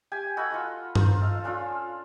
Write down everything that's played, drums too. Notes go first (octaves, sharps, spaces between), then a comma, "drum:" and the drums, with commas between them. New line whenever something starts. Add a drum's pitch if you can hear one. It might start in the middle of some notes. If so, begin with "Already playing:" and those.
G4 G#5
F#4 A4 D#5 B5
F4 F#5 C#6
D#4 F4 C5, drum: tom G2
A4 D#5 F5
C#4 D4 F4 D5